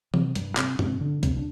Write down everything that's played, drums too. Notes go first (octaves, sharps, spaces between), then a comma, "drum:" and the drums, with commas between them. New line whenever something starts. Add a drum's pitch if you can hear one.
C3 C4, drum: tom E3
G2 G3, drum: hi-hat
C3 C4, drum: clap
C3 C4, drum: tom G2
D3 D4
C3 C4, drum: kick B1, hi-hat
D4